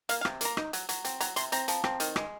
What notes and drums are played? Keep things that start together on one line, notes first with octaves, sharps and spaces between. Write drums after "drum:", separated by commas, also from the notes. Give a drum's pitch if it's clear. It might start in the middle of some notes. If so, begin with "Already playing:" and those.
A#3 F5, drum: hi-hat
F5
C3, drum: rim click
A#3 A#5, drum: hi-hat
D#4, drum: rim click
F#3, drum: hi-hat
F#3, drum: hi-hat
C4, drum: hi-hat
F#3 A#5, drum: hi-hat
C3 C6, drum: hi-hat
C4 A#5, drum: hi-hat
F3, drum: hi-hat
C4, drum: rim click
D#3, drum: hi-hat
G#3, drum: rim click